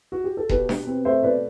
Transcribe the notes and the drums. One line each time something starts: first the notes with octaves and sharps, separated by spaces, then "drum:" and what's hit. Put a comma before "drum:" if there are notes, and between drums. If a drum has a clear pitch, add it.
F#4
G4
A4
B2 G4 B4, drum: kick D#1
B2, drum: snare D4
C4
A3 C5 E5
B2 B4 D5